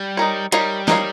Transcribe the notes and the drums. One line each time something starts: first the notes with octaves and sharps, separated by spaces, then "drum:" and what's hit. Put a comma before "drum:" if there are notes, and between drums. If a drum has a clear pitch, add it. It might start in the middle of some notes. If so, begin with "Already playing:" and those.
Already playing: G3
D#4 A#4 C#5
G3 D#4 A#4 C#5 F5, drum: hi-hat
D#4 A#4 C#5 F5, drum: snare